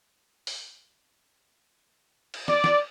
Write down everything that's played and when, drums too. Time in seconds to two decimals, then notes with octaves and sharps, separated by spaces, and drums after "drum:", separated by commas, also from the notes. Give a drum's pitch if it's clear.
0.47 drum: open hi-hat
2.34 drum: cymbal
2.48 D5, drum: snare
2.64 drum: snare